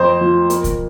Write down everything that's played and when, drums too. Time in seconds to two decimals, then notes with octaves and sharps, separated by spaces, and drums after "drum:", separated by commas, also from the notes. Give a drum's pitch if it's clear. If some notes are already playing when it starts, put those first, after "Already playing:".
Already playing: F2 C5
0.21 F3
0.50 A#3, drum: hi-hat
0.64 drum: kick C2, hi-hat